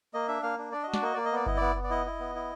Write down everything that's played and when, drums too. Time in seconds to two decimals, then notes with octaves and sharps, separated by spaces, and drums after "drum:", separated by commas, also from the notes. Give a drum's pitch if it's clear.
0.14 A#3 D#5
0.28 D4 E5
0.43 A#3 F5
0.58 D4
0.72 D4 D5
0.83 F#4 D#5
0.94 D5, drum: snare
1.02 A#3 D#5
1.14 A#3 D5
1.25 D#5
1.32 B3 D5
1.46 E4 D#5, drum: kick G1
1.57 B3 D5
1.75 B3
1.84 D5
1.90 E4 D#5
2.06 E4
2.20 B3
2.35 E4